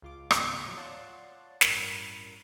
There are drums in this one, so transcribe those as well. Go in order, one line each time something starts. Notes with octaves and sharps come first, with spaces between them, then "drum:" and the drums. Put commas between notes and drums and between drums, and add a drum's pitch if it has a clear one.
C#2 F4 D6
D#2 G#2 C#3 B3 G5, drum: rim click
A2 F3 F#3
F4 C#5 D5 F#5 A5 C6
A1 G2 A#4 B5, drum: snare